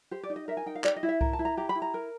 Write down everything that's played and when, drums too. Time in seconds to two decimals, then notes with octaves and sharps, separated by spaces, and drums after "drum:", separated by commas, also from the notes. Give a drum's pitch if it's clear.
0.11 G4 C5
0.23 D5
0.30 D#4
0.36 D#5
0.48 A#4 E5
0.57 G#5
0.66 D#4 G5
0.75 F5
0.84 G4 D5, drum: clap
0.96 D#5
1.03 E4
1.09 E5
1.21 A#4, drum: kick C2
1.33 A5
1.39 E4
1.45 A#5
1.57 G4 A#5
1.69 B5
1.75 E4
1.82 A#5
1.94 A#4